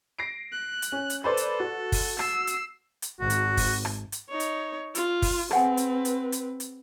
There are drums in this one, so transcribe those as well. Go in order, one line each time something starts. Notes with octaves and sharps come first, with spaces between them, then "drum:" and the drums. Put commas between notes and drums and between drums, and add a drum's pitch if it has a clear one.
A#6 C7 D7
F#6
drum: hi-hat
C#4
drum: hi-hat
A4 B4 C5 D5
drum: hi-hat
F#4
drum: kick, open hi-hat
E6 C7, drum: rim click
drum: hi-hat
drum: hi-hat
G#1 F#4
drum: hi-hat
drum: kick, open hi-hat
drum: rim click
drum: hi-hat
D#4 C#5
drum: hi-hat
F4, drum: hi-hat
drum: kick, open hi-hat
C4 G#4 B4 F#5 G#5, drum: rim click
drum: hi-hat
drum: hi-hat
drum: hi-hat
drum: hi-hat